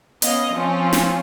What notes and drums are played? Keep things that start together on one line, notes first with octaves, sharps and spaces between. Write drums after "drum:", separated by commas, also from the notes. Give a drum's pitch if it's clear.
B3 C#4 D#5 F5, drum: hi-hat
F3 C4 C#4 F4
drum: snare